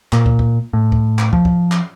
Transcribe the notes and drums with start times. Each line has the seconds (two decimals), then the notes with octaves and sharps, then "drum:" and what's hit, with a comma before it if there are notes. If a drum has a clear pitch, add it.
0.13 A#2, drum: clap
0.26 drum: kick
0.39 drum: kick
0.73 A2
0.92 drum: kick
1.19 drum: clap
1.33 F3, drum: kick
1.45 drum: kick
1.72 drum: clap